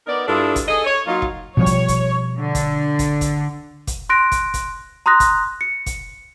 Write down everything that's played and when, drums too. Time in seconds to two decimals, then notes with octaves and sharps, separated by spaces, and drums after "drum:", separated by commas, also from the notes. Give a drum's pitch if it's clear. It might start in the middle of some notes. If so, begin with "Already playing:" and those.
0.06 B3 D#4 A#4 D5
0.28 G2 D4 E4 F4 G#4 A4
0.56 drum: kick, hi-hat
0.68 G#4 A4 D#5
0.85 C#5
1.06 F#3 A#3 D#4 F4
1.22 drum: kick
1.57 B2 F3 G3 C#5
1.66 drum: kick, hi-hat
1.88 drum: kick, hi-hat
2.38 D3
2.55 drum: kick, hi-hat
2.99 drum: kick, hi-hat
3.21 drum: kick, hi-hat
3.87 drum: kick, hi-hat
4.09 C6 F#6 A#6 D7
4.32 drum: kick, hi-hat
4.54 drum: kick, hi-hat
5.06 A#5 C6 D#6 F#6 A#6
5.20 drum: kick, hi-hat
5.61 C#7
5.86 drum: kick, hi-hat